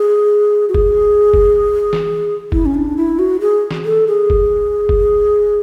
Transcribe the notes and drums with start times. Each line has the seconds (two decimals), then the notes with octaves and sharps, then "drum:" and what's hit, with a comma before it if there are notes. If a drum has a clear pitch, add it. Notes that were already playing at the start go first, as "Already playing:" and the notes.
Already playing: G#4
0.69 F#4
0.74 G#4, drum: kick F#1
1.34 drum: kick F#1
1.93 drum: snare
2.52 E4, drum: kick F#1
2.66 C#4
2.75 D4
2.97 E4
3.19 F#4
3.41 G#4
3.71 drum: snare
3.85 A4
4.07 G#4
4.30 drum: kick F#1
4.89 drum: kick F#1